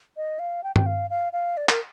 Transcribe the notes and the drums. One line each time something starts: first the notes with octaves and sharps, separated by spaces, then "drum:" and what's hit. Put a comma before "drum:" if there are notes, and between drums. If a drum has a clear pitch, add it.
D#5
F5
G5
G5, drum: tom G2
F5
F5
F5
D5
A#4, drum: clap